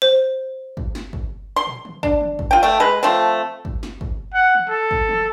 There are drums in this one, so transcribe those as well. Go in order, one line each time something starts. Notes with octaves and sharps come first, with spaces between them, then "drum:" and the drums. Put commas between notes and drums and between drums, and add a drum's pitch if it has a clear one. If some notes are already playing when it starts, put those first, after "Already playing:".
C5
drum: kick
drum: snare
drum: kick
C6
drum: tom
drum: tom D3
D4, drum: kick
drum: tom D#3
drum: kick
F4 G5
A3 G5
G#3 B4
F3 A3 C4
drum: kick
drum: snare
drum: kick
F#5
drum: tom D#3
A4
drum: kick
drum: tom D#3